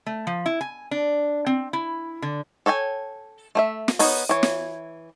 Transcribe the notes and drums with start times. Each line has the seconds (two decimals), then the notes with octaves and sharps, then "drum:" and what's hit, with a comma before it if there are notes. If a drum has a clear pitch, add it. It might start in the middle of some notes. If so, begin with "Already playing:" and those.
0.06 A3
0.27 F3
0.46 E4
0.61 G#5
0.91 D4
1.46 C4
1.73 E4
2.22 D3
2.66 A4 C#5 G5 G#5
3.55 A3 C5 E5
3.88 drum: snare
3.99 B3 D#4 C#5, drum: open hi-hat
4.29 E3 C#5
4.43 drum: snare